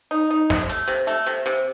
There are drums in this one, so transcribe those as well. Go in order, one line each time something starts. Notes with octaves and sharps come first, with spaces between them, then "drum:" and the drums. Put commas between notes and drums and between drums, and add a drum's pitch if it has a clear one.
D#4
D#4
C3, drum: snare
A3, drum: hi-hat
C3, drum: hi-hat
A3, drum: hi-hat
C3, drum: hi-hat
C3, drum: hi-hat